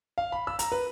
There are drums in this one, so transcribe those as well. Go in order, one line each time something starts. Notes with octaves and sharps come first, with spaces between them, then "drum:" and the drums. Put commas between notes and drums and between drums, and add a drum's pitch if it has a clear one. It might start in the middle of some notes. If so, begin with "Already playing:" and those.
F5
B5
E6
A#5, drum: hi-hat
B4